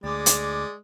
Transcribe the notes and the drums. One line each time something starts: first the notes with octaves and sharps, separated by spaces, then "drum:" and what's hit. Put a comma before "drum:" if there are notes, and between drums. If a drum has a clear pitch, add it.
D2 G#3 D5 D6
drum: hi-hat